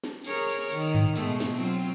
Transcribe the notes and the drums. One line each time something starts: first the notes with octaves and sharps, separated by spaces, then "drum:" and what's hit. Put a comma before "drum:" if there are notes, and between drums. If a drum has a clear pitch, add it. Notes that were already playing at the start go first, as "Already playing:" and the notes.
drum: snare
G#4 A#4 C#5, drum: tambourine
drum: tambourine
D#3, drum: tambourine
drum: tom G2
B2 G#3 A3, drum: tambourine
drum: snare
F#3 C4 F4